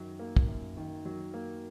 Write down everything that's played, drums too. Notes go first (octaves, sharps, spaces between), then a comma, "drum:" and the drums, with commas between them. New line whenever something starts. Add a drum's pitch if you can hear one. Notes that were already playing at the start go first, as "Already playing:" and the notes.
Already playing: F#2 D#3 F#3
A#3
drum: kick
F#2
D#3
F#3
A#3